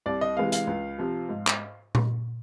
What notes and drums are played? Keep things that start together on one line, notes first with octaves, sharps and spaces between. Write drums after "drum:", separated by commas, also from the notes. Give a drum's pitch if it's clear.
C2 D5
D#5
C3 E3 G#3 F5
F5, drum: hi-hat
C#2
C3 F3
G#2
drum: clap
drum: tom A#2